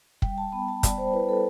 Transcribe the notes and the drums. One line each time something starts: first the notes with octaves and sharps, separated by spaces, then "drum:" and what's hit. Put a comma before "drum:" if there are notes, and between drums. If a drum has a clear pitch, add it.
G3 G5, drum: kick
A5
B3 B5
A5
G3 D5, drum: kick, hi-hat
C5
E4 B4
A4